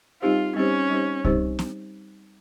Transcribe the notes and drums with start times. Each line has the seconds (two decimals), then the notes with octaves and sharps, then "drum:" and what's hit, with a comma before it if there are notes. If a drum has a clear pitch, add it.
0.22 G3 C4 D#4 F4 G4 C5
0.56 G3 C4 C#4 D#4 G4 C5
0.90 G3 C4 D#4 G4 C5
1.25 G3 C4 D#4 G4 C5, drum: kick C2
1.59 drum: snare